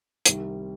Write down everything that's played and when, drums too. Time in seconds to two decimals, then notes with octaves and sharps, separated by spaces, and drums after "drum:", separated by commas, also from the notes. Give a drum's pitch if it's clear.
0.25 C2 C3 D#3 G3, drum: hi-hat